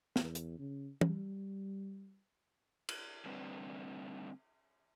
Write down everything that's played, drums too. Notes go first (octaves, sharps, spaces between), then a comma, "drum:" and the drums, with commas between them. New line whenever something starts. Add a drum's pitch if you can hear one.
E2, drum: snare
drum: hi-hat
C#3
G3, drum: tom
drum: cymbal
D3 G3 A3 C4 D4 B4